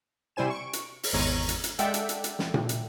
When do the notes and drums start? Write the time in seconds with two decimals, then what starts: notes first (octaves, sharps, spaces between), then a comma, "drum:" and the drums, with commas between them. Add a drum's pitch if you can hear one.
0.36 C3 G3 E4 C5 G#5 E7
0.50 C#6 D7
0.73 drum: hi-hat
1.03 drum: open hi-hat
1.13 G#1 E2 G#3 C#5 A#5 D#7
1.49 drum: hi-hat
1.64 drum: hi-hat
1.79 G#3 A4 D5 E5 F#5 G5, drum: hi-hat
1.94 drum: hi-hat
2.09 drum: hi-hat
2.24 drum: hi-hat
2.39 drum: snare
2.54 drum: tom A#2
2.69 drum: hi-hat